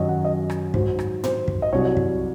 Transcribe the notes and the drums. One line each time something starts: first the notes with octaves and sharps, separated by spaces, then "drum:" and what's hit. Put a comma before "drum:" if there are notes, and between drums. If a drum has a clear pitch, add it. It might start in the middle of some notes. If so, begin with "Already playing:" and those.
Already playing: F#2 D#3 F#3 C#5 D#5
F#5
D#5
drum: rim click
G#2 F#3 C5, drum: kick
drum: rim click
C5, drum: tom A2
drum: kick
D#5
C2 C3 F#3 C#5
drum: kick